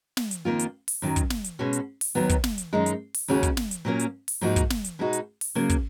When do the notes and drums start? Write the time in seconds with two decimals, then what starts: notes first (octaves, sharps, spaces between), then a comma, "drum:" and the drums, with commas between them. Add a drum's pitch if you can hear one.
0.17 drum: snare
0.31 drum: hi-hat
0.45 F2 D#3 A#3 F4
0.59 drum: hi-hat
0.88 drum: open hi-hat
1.02 F#2 D#3 F#3
1.16 drum: kick, hi-hat
1.30 drum: snare
1.44 drum: hi-hat
1.59 B2 G#3 C#4 F#4
1.73 drum: hi-hat
2.01 drum: open hi-hat
2.15 D#2 D#3 F#3 B3 F#4
2.29 drum: kick, hi-hat
2.44 drum: snare
2.58 drum: hi-hat
2.73 F#2 D#3 G#3 D#4
2.86 drum: hi-hat
3.14 drum: open hi-hat
3.28 D#2 C#3 G#3 C#4 F#4
3.43 drum: kick, hi-hat
3.57 drum: snare
3.71 drum: hi-hat
3.85 A#2 F#3 A#3 C#4
3.99 drum: hi-hat
4.28 drum: open hi-hat
4.41 G#2 F3 A#3 D#4 F#4
4.56 drum: kick, hi-hat
4.70 drum: snare
4.84 drum: hi-hat
4.99 B2 G#3 D#4 F#4
5.13 drum: hi-hat
5.41 drum: open hi-hat
5.55 C#3 F#3 A#3
5.69 drum: kick, hi-hat